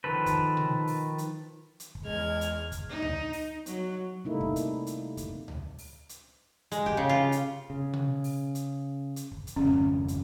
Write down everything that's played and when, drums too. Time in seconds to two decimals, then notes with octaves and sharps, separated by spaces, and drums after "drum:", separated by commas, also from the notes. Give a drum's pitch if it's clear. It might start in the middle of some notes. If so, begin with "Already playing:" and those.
0.04 D#3 F3 A4 B4
0.26 drum: kick, hi-hat
0.57 drum: tom B2
0.88 drum: open hi-hat
1.18 drum: hi-hat
1.80 drum: hi-hat
1.95 drum: kick
2.04 E2 G#3 F6 G#6
2.41 drum: hi-hat
2.72 drum: kick, hi-hat
2.89 D#4
3.02 drum: tom C#2
3.33 drum: open hi-hat
3.66 F#3, drum: hi-hat
4.25 C3 G3 A3 A#3 D#4 E4
4.41 drum: kick
4.56 drum: hi-hat
4.87 drum: hi-hat
5.17 drum: kick, hi-hat
5.48 drum: tom C#2
5.79 drum: open hi-hat
6.09 drum: hi-hat
6.72 G#3, drum: hi-hat
6.86 G4, drum: kick
6.97 C#3
7.09 F4
7.32 drum: hi-hat
7.70 C#3
7.93 drum: tom B2
8.24 drum: open hi-hat
8.55 drum: hi-hat
9.16 drum: hi-hat
9.32 drum: kick
9.47 drum: hi-hat
9.56 G#1 F2 C#3 C#4
10.08 drum: kick, hi-hat